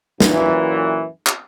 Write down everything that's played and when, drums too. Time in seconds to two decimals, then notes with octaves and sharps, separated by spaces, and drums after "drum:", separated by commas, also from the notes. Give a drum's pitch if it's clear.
0.20 F#2 A#2 E3, drum: snare
1.27 drum: clap